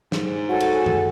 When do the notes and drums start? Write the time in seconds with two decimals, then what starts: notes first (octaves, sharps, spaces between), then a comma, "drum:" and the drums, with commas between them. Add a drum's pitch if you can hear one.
0.12 G#2, drum: snare
0.49 F#4 A4 C#5 G#5
0.60 drum: cymbal
0.86 drum: tom F#2